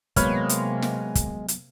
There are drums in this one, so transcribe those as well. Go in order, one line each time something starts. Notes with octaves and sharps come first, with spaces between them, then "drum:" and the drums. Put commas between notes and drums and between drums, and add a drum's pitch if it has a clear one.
C3 F#3 G#3 A#3 B3 B4 C#5 F6, drum: kick, hi-hat
drum: hi-hat
drum: snare
drum: kick, hi-hat
drum: hi-hat